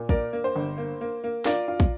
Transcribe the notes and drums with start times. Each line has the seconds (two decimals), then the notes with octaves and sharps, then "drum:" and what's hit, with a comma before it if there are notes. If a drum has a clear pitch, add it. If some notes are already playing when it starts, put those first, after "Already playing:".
Already playing: A#2
0.09 A#3 A#4 D5, drum: kick
0.33 A#3
0.44 C5
0.56 G1
0.78 A#3
1.01 A#3
1.24 A#3
1.45 F4 A#4 D5, drum: snare
1.68 F4
1.80 drum: kick